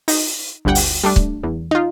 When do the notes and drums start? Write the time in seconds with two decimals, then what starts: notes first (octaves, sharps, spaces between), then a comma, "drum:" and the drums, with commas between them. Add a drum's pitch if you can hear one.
0.08 D#4, drum: open hi-hat
0.65 G1 D2 G2 F#5 G5
0.75 drum: open hi-hat
1.04 G3 A3 D4
1.16 drum: kick C#1
1.43 E2
1.71 D#4 F4